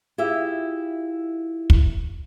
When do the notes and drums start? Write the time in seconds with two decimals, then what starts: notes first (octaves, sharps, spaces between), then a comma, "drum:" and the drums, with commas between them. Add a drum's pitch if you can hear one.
0.18 E4 F4 G4 G#4 E5
1.70 drum: kick